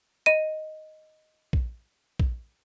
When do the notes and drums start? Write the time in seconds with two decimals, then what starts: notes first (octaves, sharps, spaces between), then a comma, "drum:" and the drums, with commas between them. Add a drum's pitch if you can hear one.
0.26 D#5 D#7
1.53 drum: kick A#1
2.20 drum: kick A#1